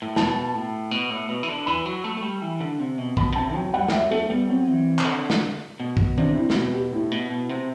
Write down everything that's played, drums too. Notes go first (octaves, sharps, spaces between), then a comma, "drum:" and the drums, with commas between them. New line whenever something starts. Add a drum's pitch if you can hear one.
A2
B2 A5, drum: snare
A2
B2
A2
B2
E3
D3
E3 B5
F#3
A3
A3
G3
E3
D3
C3
B2
B2 B5, drum: kick
D3
C3 A5
F#3 G5
G3 F#5
G3, drum: snare
F#3 E5
A3 A4
G3 B3
F#3 C4
E3
C3, drum: clap
D3
drum: snare
B2
drum: kick
C3 D4, drum: tom D#3
E4
C3, drum: snare
B2 F#4
G4
A2 E4
B2
B2
C3